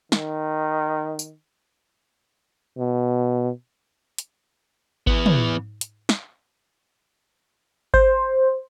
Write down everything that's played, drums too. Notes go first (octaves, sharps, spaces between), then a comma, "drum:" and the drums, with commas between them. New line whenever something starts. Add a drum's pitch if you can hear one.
D#3, drum: snare
drum: tambourine
B2
drum: hi-hat
E3 B3, drum: kick G#1
drum: tom
drum: hi-hat
drum: snare
C5, drum: kick G#1